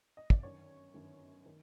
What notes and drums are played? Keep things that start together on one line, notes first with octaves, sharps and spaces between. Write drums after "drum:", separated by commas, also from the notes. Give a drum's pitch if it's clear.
D#5
D5, drum: kick
G1 F#2 D#3 C#5
G1 F#2 D#3
D#3